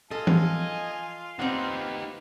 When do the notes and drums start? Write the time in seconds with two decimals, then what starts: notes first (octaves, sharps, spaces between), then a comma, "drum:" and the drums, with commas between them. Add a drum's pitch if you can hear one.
0.11 F4 A4 D#5 F5 G#5
0.27 drum: tom E3
1.39 C4 D#4 G4 B4 F#5